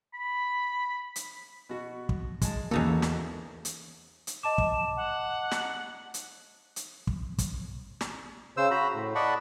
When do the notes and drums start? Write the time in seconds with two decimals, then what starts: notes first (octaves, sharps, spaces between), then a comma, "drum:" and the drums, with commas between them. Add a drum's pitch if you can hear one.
0.14 B5
1.16 drum: hi-hat
1.69 B2 F#4
2.09 drum: kick
2.41 G#3 A5, drum: kick, hi-hat
2.71 E2 C#3 G#3 A#3 D#4 F#4 A4
3.02 drum: snare
3.65 drum: hi-hat
4.27 drum: hi-hat
4.43 D#5 A5 D6 E7
4.58 drum: kick
4.96 F#5
5.52 drum: snare
6.14 drum: hi-hat
6.76 drum: hi-hat
7.07 drum: kick
7.38 drum: kick, hi-hat
8.01 drum: snare
8.57 C#3 C5 E6
8.71 F#4 A#5 B5
8.94 A2
9.15 D5 D#5 F#5 A5 B5 C#6